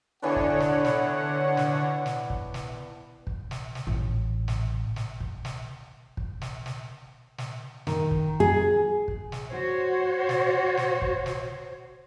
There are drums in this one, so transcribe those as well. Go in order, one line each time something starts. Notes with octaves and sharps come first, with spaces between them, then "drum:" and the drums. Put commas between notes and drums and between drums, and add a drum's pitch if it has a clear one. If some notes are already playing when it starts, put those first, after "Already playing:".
D3 E3 B3 D4 C#5 F#5
drum: kick
drum: snare
drum: snare
drum: snare
drum: snare
drum: kick
drum: snare
drum: kick
drum: snare
drum: snare
A1
drum: snare
drum: snare
drum: kick
drum: snare
drum: kick
drum: snare
drum: snare
drum: snare
D#3, drum: snare
drum: kick
G#4
drum: kick
drum: snare
F#4 C5 C#5
drum: snare
drum: snare
drum: kick
drum: snare